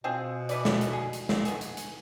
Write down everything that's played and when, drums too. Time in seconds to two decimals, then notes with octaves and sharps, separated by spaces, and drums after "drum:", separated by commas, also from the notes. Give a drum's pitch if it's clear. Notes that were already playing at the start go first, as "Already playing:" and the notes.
0.04 B2 C4 F4 G#4
0.49 E3 B4 D5, drum: hi-hat
0.65 drum: snare
0.81 drum: hi-hat
0.93 G#4
1.13 drum: hi-hat
1.29 drum: snare
1.45 B3 G#4, drum: hi-hat
1.61 drum: hi-hat
1.77 drum: hi-hat